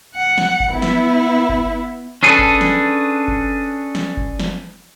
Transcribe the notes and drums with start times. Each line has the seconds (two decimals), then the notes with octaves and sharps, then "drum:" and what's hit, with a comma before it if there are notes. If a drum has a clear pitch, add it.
0.15 F#5
0.38 drum: snare
0.60 drum: kick F#1
0.71 B3 E4
0.82 drum: snare
1.49 drum: kick F#1
2.23 C#4 D4 G#4 A4 B4
2.39 drum: kick F#1
2.61 drum: snare
3.28 drum: kick F#1
3.95 drum: snare
4.17 drum: kick F#1
4.39 drum: snare